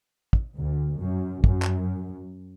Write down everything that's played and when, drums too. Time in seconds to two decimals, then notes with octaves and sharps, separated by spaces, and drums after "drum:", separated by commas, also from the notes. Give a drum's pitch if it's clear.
0.33 drum: kick
0.57 D2
1.00 F#2
1.44 F#2, drum: kick
1.62 drum: clap